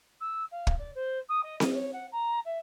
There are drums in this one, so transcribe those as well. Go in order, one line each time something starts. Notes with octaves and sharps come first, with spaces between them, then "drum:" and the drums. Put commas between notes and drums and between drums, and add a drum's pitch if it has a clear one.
E6
F5
drum: kick
D5
C5
D#6
D#5
D#5, drum: snare C4
C#5
F#5
A#5
E5